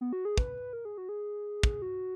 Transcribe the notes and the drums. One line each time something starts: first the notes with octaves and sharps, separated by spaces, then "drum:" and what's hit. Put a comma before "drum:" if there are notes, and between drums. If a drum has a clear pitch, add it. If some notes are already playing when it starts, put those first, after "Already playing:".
B3
F#4
G#4
B4, drum: kick
A#4
G#4
F#4
G#4
drum: kick
F#4